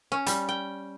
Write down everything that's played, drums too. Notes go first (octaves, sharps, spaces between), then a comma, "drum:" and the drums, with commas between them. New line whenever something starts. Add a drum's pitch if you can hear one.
C#4
G3, drum: hi-hat
G5